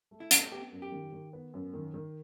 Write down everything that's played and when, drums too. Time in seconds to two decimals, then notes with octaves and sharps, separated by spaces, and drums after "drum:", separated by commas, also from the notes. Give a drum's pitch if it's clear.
0.11 A3
0.20 E4
0.31 A3, drum: hi-hat
0.52 B3 G4
0.72 F#2
0.82 G4
0.92 D#3
1.12 D#3
1.33 B3
1.54 F#2
1.74 D#3
1.94 D#3